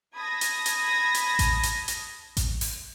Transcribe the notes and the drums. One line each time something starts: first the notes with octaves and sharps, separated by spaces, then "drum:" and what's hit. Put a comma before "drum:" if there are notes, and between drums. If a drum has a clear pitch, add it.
A5 B5 D#6 G#6 A#6
drum: hi-hat
drum: hi-hat
drum: hi-hat
drum: kick A1, hi-hat
drum: hi-hat
drum: hi-hat
drum: kick A1, hi-hat
drum: open hi-hat